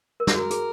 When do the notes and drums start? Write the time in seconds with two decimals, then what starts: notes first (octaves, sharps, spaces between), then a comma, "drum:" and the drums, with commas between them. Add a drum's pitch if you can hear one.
0.20 A#4
0.27 G#4, drum: snare
0.35 F#4 A#4
0.50 G#4, drum: hi-hat